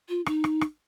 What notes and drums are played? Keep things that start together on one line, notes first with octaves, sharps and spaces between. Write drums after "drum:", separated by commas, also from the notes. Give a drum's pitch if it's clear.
F4
D#4, drum: rim click
drum: rim click
drum: rim click